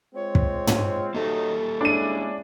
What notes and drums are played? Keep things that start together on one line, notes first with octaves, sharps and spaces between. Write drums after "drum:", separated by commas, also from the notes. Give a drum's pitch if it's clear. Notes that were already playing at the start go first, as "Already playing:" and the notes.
G#3 C4 F4 C#5
drum: kick
drum: tom
F#3 A#3 D#4 G4 A4 E5
G#3 C#4 D4 E4 D#7